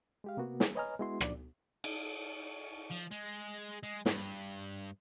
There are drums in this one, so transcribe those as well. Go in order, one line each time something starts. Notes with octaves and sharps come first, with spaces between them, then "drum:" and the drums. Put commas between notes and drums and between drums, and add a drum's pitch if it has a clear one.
G#3 G4 F5
C3 A#3 B3 F#4
G#4, drum: snare
B4 C#5 D#5 G#5 A#5 F6
G#3 B3 E4 F#4 C6
A#2 F3 D4 D5, drum: rim click
drum: cymbal
F3
G#3
G#3
G2, drum: snare